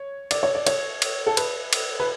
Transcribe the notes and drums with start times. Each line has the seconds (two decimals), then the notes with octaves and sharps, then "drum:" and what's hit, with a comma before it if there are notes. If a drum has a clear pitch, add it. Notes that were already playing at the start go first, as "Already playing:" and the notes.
Already playing: C#5
0.31 D5, drum: cymbal
0.43 C#5
0.55 D5
0.67 C#5, drum: cymbal
1.02 drum: cymbal
1.27 A4
1.37 B4, drum: cymbal
1.73 drum: cymbal
2.00 B4